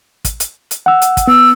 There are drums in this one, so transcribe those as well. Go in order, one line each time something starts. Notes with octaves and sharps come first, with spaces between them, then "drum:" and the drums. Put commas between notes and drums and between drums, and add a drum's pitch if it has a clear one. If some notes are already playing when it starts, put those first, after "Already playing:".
drum: kick, hi-hat
drum: hi-hat
drum: hi-hat
F#5 E6
drum: hi-hat
drum: kick, hi-hat
B3 E6